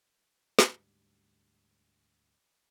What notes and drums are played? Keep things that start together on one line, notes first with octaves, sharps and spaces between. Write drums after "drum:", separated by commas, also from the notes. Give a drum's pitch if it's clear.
D2 G#2 G3, drum: snare